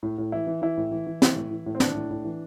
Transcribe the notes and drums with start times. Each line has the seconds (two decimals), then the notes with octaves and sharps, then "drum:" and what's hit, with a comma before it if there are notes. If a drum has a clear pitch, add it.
0.03 A2
0.18 A2
0.32 E3 E4
0.47 E3
0.62 E3 E4
0.77 A2
0.91 E3
1.07 E3
1.22 E3, drum: snare
1.36 A2
1.51 E3
1.66 A2
1.75 C4
1.80 E3 D4, drum: snare
1.95 A2
2.11 A2
2.24 E3